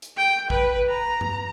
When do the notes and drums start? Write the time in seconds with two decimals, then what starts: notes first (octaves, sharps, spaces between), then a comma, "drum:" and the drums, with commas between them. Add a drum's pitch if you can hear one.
0.02 drum: hi-hat
0.17 G5
0.50 B4, drum: kick A#1
0.89 A#5
1.21 drum: tom G2